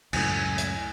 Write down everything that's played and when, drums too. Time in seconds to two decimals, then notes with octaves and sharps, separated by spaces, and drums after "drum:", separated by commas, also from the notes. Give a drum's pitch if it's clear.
0.13 C#2 F#2 A2 G#5, drum: cymbal
0.58 drum: hi-hat